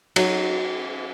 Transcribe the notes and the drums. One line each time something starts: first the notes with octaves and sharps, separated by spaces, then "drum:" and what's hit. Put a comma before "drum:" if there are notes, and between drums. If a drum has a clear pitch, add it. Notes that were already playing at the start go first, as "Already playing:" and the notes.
F#3, drum: cymbal